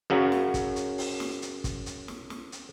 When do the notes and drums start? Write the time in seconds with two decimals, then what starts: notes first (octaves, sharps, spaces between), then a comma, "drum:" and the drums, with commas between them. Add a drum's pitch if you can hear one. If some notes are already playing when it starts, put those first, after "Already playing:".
0.10 F#2 C#3 F#3
0.32 drum: snare
0.54 drum: kick, hi-hat
0.76 drum: hi-hat
0.98 drum: open hi-hat
1.20 drum: snare
1.42 drum: hi-hat
1.64 drum: kick, hi-hat
1.86 drum: hi-hat
2.08 drum: snare
2.30 drum: snare
2.52 drum: hi-hat